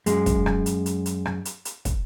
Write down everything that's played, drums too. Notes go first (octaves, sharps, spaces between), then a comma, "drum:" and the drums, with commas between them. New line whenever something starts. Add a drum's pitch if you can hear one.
F#2 G#3, drum: hi-hat
drum: kick, hi-hat
drum: rim click
drum: hi-hat
drum: hi-hat
drum: hi-hat
drum: rim click
drum: hi-hat
drum: hi-hat
drum: kick, hi-hat